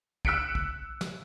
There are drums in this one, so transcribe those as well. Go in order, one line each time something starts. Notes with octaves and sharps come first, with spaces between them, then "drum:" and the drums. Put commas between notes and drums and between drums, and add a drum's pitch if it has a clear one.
E6 F#6 B6 C#7 D7, drum: kick A#1
drum: kick A#1
drum: snare